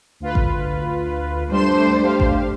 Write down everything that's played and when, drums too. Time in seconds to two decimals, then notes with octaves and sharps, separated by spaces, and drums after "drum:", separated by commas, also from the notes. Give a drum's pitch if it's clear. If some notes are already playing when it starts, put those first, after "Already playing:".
0.20 D2 F4 B4
0.35 drum: kick A1
1.51 G3 A3 D4 C5 C6 E7
2.02 G4 F5
2.20 drum: kick A1